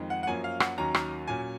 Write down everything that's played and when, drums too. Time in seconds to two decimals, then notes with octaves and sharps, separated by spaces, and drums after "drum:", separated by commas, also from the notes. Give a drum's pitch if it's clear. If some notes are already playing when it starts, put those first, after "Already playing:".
Already playing: F2 D#3 G#3
0.10 F#5
0.23 F#5
0.27 F#2 F3 A#3 C#4 G#5
0.44 F5
0.60 F#5, drum: rim click
0.78 D#2 D#3 F#3 C#4 A#5
0.94 drum: rim click
1.27 A#2 F#3 C#4 G#5